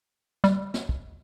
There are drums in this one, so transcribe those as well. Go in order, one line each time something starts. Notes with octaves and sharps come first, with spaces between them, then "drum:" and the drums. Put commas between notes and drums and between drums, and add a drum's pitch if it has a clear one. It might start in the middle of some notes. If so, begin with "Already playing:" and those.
G3, drum: snare
drum: snare
drum: kick